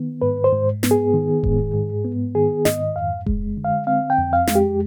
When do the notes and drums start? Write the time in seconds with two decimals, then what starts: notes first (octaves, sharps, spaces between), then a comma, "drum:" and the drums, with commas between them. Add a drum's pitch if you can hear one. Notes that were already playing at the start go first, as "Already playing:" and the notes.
Already playing: D#3 B3
0.22 G#2 B4
0.44 C5
0.52 G#2
0.83 B3, drum: snare
0.91 G#4
1.14 D#3
1.44 G#2, drum: kick D#1
1.74 G#2
2.05 B3
2.35 D#3 G#4
2.65 G#2 D#5, drum: snare
2.96 F2 F5
3.26 G#3, drum: kick D#1
3.57 D3
3.65 F5
3.87 C4 F5
4.10 G5
4.18 F2
4.33 F5
4.47 G#3, drum: snare
4.55 G4